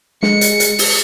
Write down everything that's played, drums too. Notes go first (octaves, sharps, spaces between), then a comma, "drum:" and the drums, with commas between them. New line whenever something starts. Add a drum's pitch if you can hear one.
G#3 C#7, drum: snare
drum: hi-hat
drum: hi-hat
drum: open hi-hat